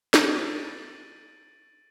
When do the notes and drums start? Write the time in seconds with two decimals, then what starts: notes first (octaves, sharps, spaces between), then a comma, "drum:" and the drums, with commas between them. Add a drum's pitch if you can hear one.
0.14 A6 D7 D#7 F#7, drum: snare